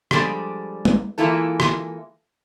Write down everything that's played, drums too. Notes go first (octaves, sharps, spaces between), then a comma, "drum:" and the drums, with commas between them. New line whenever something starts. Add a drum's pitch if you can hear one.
F3 G3 G#3 D4 A4, drum: rim click
drum: tom
E3 G#3 A#3 E4 F4 A4
drum: rim click